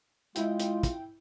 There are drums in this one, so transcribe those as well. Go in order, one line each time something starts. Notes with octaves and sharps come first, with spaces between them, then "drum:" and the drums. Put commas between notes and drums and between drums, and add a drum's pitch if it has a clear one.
G#3 E4 F4 G5, drum: hi-hat
drum: hi-hat
drum: kick, hi-hat